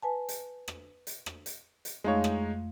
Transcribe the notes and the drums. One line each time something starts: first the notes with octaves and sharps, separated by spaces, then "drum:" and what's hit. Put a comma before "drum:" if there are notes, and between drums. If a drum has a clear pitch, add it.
B4 G#5 A5
drum: hi-hat
drum: rim click
drum: hi-hat
drum: rim click
drum: hi-hat
drum: hi-hat
F2 G#3 A3 D#4 C#5 F5
drum: rim click